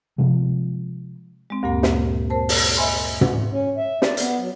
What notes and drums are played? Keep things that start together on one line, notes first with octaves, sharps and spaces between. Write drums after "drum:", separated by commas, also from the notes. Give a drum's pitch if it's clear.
C3 F3 G#3
G#3 C4
D2 G2 A#2 A#3
drum: snare
A#4 C5 A5
drum: open hi-hat
D#5 E5 G#5 B5 C6
drum: tom
C#4
E5
D5, drum: snare
B3, drum: hi-hat
F#3